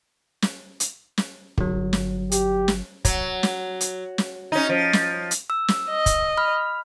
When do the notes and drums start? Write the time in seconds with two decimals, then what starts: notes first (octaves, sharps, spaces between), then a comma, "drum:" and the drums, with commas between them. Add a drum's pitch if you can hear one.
0.42 drum: snare
0.80 drum: hi-hat
1.18 drum: snare
1.58 G1 F#3, drum: kick
1.93 drum: snare
2.32 G4, drum: hi-hat
2.68 drum: snare
3.05 F#3, drum: kick, hi-hat
3.43 drum: snare
3.81 drum: hi-hat
4.18 drum: snare
4.52 C#4 D#4
4.69 F3
4.93 drum: snare
5.31 drum: hi-hat
5.50 E6
5.68 drum: snare
5.90 D#5
6.06 drum: kick, hi-hat
6.37 B5 F6